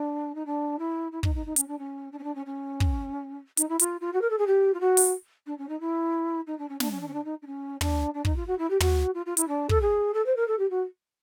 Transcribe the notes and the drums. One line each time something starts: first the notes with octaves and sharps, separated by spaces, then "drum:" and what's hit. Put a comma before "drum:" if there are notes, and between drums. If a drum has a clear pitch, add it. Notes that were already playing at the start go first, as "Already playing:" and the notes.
Already playing: D4
D#4
D4
E4
E4
D#4, drum: kick
D#4
D#4
C#4, drum: hi-hat
D4
C#4
D4
C#4
D4
C#4
C#4
drum: kick
D#4, drum: hi-hat
E4
F4, drum: hi-hat
F4
F#4
A#4
A4
G#4
G4
F4
F#4
drum: open hi-hat
D4
C#4
D#4
E4
D#4
D4
C#4
D4, drum: snare
C#4
D4
C#4
D4
D#4
D4
C#4
D4, drum: tom
D4
D#4, drum: kick
F4
F#4
E4
G4
F#4, drum: tom
F4
F4
E4, drum: hi-hat
D4
A4, drum: kick
G#4
A4
C5
A#4
A4
G4
F#4